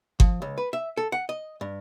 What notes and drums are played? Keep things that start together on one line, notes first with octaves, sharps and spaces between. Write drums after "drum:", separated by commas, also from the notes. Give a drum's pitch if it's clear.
F3, drum: kick G1
C#2
B4
E5
A4
F#5
D#5
G2